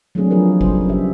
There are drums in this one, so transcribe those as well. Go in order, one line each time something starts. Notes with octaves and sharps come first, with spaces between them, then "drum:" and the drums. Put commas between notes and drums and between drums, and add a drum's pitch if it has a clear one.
F#3 A3 A#3 C4 D4 G#4
F3 F4 G#4 A#4 B4
C#3 G3 C5, drum: kick G#1
G4 E5